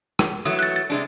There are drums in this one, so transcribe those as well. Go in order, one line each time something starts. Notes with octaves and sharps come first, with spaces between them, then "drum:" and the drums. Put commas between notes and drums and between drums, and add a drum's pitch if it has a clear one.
drum: rim click
E3 F#3 A3 D#6
F#6 A6
A6
C3 G#3 D4